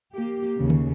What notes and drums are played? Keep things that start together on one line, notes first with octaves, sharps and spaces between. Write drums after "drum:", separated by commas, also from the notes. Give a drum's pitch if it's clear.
A#3 G4
D#2 C#3
drum: tom D3